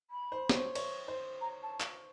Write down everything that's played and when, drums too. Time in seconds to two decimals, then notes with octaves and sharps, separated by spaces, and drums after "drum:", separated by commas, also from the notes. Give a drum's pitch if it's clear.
0.11 B5
0.32 C5
0.49 C#5, drum: snare
0.54 C5
0.75 C#5, drum: cymbal
1.08 C5
1.41 A#5
1.63 A5
1.81 drum: clap